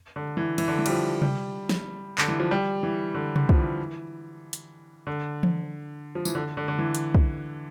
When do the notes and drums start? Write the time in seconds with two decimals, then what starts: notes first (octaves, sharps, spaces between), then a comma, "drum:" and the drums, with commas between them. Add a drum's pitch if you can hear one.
0.16 D3
0.37 E3
0.58 E3, drum: cymbal
0.68 D3
0.79 E3
0.86 G3, drum: cymbal
0.90 F3
1.22 G3, drum: tom C3
1.69 drum: snare
2.18 D3, drum: clap
2.28 E3
2.40 F3
2.51 G3
2.83 E3
3.15 D3
3.36 D3, drum: tom C3
3.49 F3, drum: kick
3.58 E3
4.53 drum: hi-hat
5.07 D3
5.43 drum: tom E3
6.15 F3
6.25 E3, drum: tambourine
6.35 D3
6.57 D3
6.68 D3
6.79 E3
6.95 drum: hi-hat
7.15 drum: kick